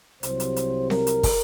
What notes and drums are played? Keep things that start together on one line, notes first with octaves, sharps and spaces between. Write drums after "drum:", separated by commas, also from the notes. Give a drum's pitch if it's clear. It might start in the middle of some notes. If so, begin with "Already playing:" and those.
C2 C3 F#3 C5, drum: hi-hat
drum: hi-hat
drum: hi-hat
A#4, drum: snare C4
drum: hi-hat
drum: kick, open hi-hat